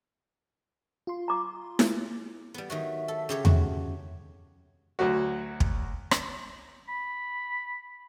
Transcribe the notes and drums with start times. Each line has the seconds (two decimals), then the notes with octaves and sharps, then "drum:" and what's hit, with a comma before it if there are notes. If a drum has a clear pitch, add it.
1.07 F4 C6
1.28 A#5 D6
1.79 drum: snare E4
2.54 G3 B3
2.70 D#3 F#3 F#4 E5
3.08 A4
3.29 C#3 G4 C#5
3.45 F#4, drum: tom E2
4.99 D2 F#3 F#4
5.60 drum: kick
6.11 drum: rim click
6.88 B5